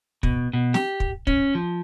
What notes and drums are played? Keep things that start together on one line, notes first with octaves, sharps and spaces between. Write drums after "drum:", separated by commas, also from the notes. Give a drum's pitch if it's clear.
B2, drum: kick
B2
G4, drum: snare
drum: kick
C#4, drum: kick
F3